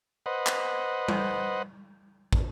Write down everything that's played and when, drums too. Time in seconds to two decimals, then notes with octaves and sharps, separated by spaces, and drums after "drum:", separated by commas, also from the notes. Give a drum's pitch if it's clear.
0.26 B4 C5 D#5 F#5
0.46 drum: clap
1.08 drum: tom G3
2.33 drum: kick